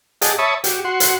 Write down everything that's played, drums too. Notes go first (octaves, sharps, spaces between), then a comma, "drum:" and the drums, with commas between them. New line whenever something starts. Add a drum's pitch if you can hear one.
G4 G#4 D#5 F#5 A5, drum: hi-hat
C#5 E5 A5 B5 C#6 D#6
F#4 G4, drum: hi-hat
F#4 F#5 C6
drum: hi-hat